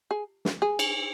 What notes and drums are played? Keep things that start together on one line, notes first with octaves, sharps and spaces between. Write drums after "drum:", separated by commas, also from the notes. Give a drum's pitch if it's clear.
G#4
drum: snare
G#4
drum: cymbal